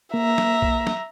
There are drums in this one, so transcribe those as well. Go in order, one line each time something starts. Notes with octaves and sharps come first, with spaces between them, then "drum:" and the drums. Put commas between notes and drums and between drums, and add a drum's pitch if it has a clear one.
A#3 E5 A#5
drum: snare
drum: kick B1
drum: snare